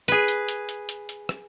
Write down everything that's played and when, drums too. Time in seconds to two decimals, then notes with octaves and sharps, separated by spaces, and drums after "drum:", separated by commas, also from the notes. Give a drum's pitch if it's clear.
0.08 G#4 B4, drum: hi-hat
0.28 drum: hi-hat
0.48 drum: hi-hat
0.69 drum: hi-hat
0.89 drum: hi-hat
1.09 drum: hi-hat
1.29 drum: rim click